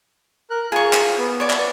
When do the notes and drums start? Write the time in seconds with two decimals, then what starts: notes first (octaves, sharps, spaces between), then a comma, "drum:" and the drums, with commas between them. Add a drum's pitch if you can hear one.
0.50 A#4 F#6
0.72 F4 G#4 A#5 C#6
0.93 drum: clap
1.18 B3
1.40 C#5 D5
1.50 drum: clap